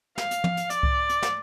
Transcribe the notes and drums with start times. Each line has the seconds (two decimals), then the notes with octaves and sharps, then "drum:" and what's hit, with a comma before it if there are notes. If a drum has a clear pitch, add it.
0.18 F5, drum: snare
0.31 drum: hi-hat
0.44 drum: tom
0.57 drum: hi-hat
0.70 D5, drum: hi-hat
0.83 drum: kick C2
1.09 drum: hi-hat
1.22 drum: snare